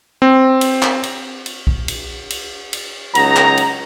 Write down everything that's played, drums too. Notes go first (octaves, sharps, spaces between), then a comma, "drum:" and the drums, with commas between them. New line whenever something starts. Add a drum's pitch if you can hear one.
C4
drum: cymbal
drum: clap
drum: cymbal
drum: cymbal
drum: kick B1
drum: cymbal
drum: cymbal
drum: cymbal
C#2 F#3 D#4 A#5, drum: cymbal
drum: clap
drum: cymbal